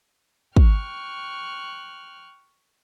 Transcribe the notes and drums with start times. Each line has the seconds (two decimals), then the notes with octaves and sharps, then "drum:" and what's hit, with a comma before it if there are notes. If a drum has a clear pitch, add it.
0.57 G5 C#6 F6 F#6, drum: kick